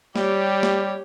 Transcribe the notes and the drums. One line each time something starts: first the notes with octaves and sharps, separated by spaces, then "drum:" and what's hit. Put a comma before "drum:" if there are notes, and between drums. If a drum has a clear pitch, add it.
G3 G4 C#5, drum: snare
drum: snare